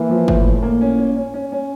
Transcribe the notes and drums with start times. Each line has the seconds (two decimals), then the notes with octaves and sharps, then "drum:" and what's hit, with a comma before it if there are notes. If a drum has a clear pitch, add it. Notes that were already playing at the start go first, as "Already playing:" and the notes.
Already playing: E3 A#3
0.10 F3
0.28 A2, drum: kick G1
0.45 A2
0.63 A#3
0.81 C#4
0.98 C#4
1.16 C#4
1.34 C#4
1.52 C#4